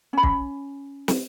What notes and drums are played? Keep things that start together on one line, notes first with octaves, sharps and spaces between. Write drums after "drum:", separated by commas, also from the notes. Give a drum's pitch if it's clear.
C#4 B5
drum: kick
drum: snare